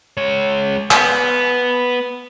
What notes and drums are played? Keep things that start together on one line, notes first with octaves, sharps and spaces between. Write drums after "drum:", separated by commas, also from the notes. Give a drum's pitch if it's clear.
G#3 C#5
B3, drum: clap